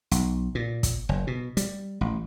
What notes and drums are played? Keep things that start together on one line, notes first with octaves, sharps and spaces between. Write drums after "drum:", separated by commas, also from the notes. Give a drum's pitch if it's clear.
B1, drum: hi-hat
A#2
drum: kick, hi-hat
F#1
B2
G3, drum: hi-hat
A1